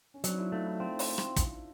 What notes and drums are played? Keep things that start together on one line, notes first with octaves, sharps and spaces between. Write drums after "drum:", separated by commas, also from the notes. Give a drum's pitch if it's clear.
C#4
F#3 C4 D4, drum: hi-hat
D#4
D4 E4
A3 D#4 F4
E4
C4 F4
drum: open hi-hat
drum: rim click
drum: kick, hi-hat